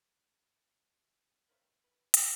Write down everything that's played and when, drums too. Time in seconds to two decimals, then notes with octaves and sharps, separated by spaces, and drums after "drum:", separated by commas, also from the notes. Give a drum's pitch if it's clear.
1.49 A#3 B4 C#5 E5
1.62 G5
1.84 B4
2.14 D4 F4 C5 C#5, drum: hi-hat